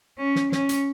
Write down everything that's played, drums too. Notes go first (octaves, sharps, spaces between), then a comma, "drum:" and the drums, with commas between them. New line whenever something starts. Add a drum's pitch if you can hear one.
C#4
drum: snare
C#4, drum: snare
drum: hi-hat